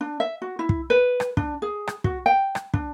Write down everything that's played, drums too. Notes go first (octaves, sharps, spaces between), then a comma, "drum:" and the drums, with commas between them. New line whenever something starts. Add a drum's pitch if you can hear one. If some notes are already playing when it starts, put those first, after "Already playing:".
D4
E5
F#4
E4
drum: kick
B4
drum: rim click
D4, drum: kick
G#4
drum: rim click
F#4, drum: kick
G5
drum: rim click
D4, drum: kick